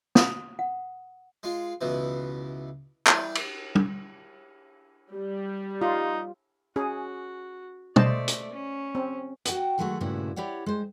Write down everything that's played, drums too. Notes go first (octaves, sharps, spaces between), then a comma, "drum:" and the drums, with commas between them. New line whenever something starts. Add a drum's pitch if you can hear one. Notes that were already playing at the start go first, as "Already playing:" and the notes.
D#6, drum: snare
F#5
G#3 F4
C#2 B2 E3
E3 G3 G4, drum: clap
drum: cymbal
drum: tom
G3
D#4 F4
C#4 F#4 G#4
A3 C5 D5 D#5 A5, drum: tom
drum: hi-hat
C#4
C4
F#4 F#5 G5, drum: hi-hat
D#3 F#3 G#3 A3 F#4
G2 A#2 C#3 A3 E4 F#4
E4 G4 C#5 D5 F#5
G#3 C5